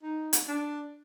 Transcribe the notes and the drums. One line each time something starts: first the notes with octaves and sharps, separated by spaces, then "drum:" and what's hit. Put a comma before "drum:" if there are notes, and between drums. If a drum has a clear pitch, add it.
D#4
drum: hi-hat
D4